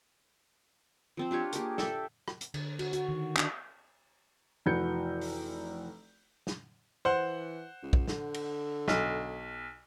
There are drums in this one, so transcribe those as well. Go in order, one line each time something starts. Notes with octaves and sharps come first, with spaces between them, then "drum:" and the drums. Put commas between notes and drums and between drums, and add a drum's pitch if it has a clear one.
F3 C4 C5
D4 F4 G4 C#5
A#3 G4 G#4 A#4, drum: hi-hat
A4 D5 E5 G5, drum: snare
drum: rim click
drum: hi-hat
D3, drum: cymbal
F#4, drum: cymbal
F#4, drum: hi-hat
D#3
D4, drum: clap
F1 E3 F#4 B4 G6 C#7
drum: open hi-hat
drum: snare
E3 C5 F#5
C#2
drum: kick
D3, drum: snare
drum: cymbal
B1, drum: snare